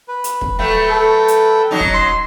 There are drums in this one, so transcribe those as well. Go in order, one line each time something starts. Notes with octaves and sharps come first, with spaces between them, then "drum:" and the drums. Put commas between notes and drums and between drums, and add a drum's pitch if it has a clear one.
B4
drum: hi-hat
drum: kick
F#3 A3 B4 G5
A4
drum: hi-hat
F#3 C#4 D#4
drum: kick
C6